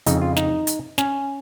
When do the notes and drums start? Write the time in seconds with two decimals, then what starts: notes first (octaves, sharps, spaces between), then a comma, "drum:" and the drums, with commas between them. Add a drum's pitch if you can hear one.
0.06 F2 C#3 D#4, drum: hi-hat
0.22 F4
0.37 D#4, drum: snare
0.67 drum: hi-hat
0.98 C#4, drum: snare